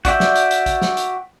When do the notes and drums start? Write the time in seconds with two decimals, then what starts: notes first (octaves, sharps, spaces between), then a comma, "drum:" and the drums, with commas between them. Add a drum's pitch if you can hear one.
0.05 F#4 D5 E5 G5, drum: kick, hi-hat
0.20 drum: snare
0.35 drum: hi-hat
0.51 drum: hi-hat
0.66 drum: kick, hi-hat
0.82 drum: snare
0.97 drum: hi-hat